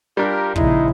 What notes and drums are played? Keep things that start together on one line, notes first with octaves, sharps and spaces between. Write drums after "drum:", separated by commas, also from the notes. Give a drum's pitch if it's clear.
G3 D4 F4 G4 A#4
A#1 C#3 G#3 D#4 E4, drum: kick